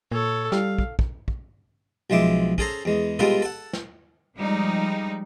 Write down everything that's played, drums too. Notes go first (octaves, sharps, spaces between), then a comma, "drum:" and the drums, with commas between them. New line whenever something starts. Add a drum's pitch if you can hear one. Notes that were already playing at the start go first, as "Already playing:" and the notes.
A#2 A4 C#5
G3 F5, drum: snare
drum: kick
drum: kick
drum: kick
B1 F3 G#3 E5 D6
C#4 G#4 A4 C5 A#5, drum: kick
E2 G#3
G3 G#3 B3 F4 A4, drum: tom
A4 F#5
drum: snare
F3 G3 G#3 D#4